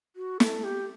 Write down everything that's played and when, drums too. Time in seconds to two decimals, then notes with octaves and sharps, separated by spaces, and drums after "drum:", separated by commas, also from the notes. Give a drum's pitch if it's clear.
0.16 F#4
0.40 A4, drum: snare
0.64 G4